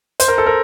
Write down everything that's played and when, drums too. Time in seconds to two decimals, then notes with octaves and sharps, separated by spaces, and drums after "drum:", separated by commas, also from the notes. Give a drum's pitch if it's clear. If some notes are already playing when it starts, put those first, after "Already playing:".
0.20 C5, drum: hi-hat
0.28 A#4
0.38 A4
0.46 A#4